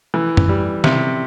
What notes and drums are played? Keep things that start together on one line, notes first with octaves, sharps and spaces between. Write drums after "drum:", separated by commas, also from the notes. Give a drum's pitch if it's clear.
E3
drum: tom F#2
G3
C3, drum: snare